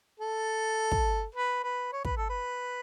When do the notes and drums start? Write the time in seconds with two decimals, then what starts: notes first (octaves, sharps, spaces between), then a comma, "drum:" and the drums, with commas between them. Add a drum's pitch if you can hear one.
0.20 A4
0.92 drum: kick
1.35 B4
1.64 B4
1.92 C#5
2.05 B4, drum: kick
2.17 A4
2.29 B4